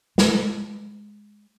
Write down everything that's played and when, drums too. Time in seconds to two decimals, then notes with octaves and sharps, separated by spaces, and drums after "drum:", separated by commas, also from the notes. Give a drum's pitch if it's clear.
0.18 G#3, drum: snare